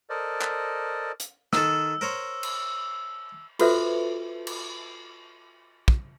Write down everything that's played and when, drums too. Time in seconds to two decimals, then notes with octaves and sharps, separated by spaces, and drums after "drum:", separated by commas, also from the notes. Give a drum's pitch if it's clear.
0.10 A4 A#4 C5 D5 D#5
0.41 drum: clap
1.20 drum: hi-hat
1.53 D#3 A4 E6, drum: snare
2.01 A#4 C5 C#5
2.43 drum: cymbal
3.59 F4 F#4 A4 B4 C5 E5, drum: cymbal
4.47 drum: cymbal
5.88 drum: kick